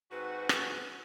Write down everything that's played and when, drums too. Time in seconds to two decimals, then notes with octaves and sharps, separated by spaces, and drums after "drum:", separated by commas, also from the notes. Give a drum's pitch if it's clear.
0.12 G#2 C4 F#4 B4
0.49 drum: rim click